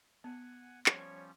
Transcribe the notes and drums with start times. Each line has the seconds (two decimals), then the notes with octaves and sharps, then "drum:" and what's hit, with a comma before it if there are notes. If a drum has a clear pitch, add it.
0.24 B3 F#5 G#5
0.86 F3 G3 C#4 C#5, drum: clap